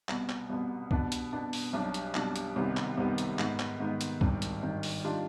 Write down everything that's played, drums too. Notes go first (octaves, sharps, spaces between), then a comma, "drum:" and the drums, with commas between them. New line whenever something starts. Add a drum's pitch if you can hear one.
C2 B2 B3, drum: clap
drum: clap
C2 B2 B3
B2 B3 D4, drum: kick C2
drum: hi-hat
B2 B3 D4
drum: open hi-hat
B1 B2 G3 D4 G4
drum: hi-hat
B1 B2 G3 D4 G4, drum: clap
drum: hi-hat
C2 C3 D#3 B3
drum: clap
C2 C3 D#3 B3
drum: hi-hat
G#2 D#3 B3, drum: clap
drum: clap
G#2 D#3 B3
drum: hi-hat
G#1 G2 D#3, drum: kick C2
drum: hi-hat
G#1 G2 D#3
drum: open hi-hat
D#3 G3 D4 F4